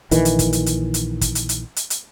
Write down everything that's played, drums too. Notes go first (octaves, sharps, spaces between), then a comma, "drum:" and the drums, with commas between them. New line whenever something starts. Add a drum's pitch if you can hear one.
A#1 D#3 E3, drum: hi-hat
drum: hi-hat
drum: kick, hi-hat
drum: hi-hat
drum: hi-hat
drum: hi-hat
drum: kick, hi-hat
drum: hi-hat
drum: hi-hat
drum: hi-hat
drum: hi-hat